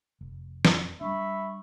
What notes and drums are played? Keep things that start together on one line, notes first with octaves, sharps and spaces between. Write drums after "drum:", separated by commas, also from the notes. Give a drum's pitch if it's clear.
F1
drum: snare
G3 G#3 D4 E5 B5 C#6